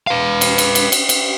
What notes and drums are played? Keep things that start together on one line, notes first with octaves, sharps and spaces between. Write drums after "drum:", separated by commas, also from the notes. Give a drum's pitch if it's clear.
B4 F5
drum: cymbal
drum: cymbal
drum: cymbal
drum: cymbal
drum: cymbal